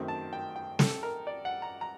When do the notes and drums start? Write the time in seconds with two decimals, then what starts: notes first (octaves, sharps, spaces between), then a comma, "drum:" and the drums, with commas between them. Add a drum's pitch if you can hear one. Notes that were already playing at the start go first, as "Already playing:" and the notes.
Already playing: F#2 D#3 A3 C4
0.08 A5
0.33 G5
0.56 G5
0.79 A4, drum: snare
1.03 A#4
1.27 D5
1.45 F#5
1.62 A#5
1.81 A#5